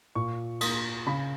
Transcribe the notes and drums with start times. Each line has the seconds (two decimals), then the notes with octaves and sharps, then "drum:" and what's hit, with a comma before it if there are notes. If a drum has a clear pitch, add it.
0.15 A#2 C#6
0.61 A#3 D#6, drum: cymbal
1.07 C#3 B5